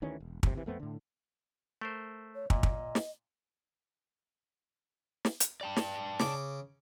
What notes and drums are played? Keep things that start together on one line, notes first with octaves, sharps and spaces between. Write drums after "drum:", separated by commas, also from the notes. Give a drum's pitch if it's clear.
D2 D#3 E3 C#4
E1
G1 C3, drum: kick
C3 E3
F2 A3 B3 C4
A2 D3
A3 A#4 C5
C#5
A#2 D#5, drum: kick
drum: kick
drum: snare
drum: snare
drum: hi-hat
D5 G5 A5
drum: snare
C#3 D6, drum: snare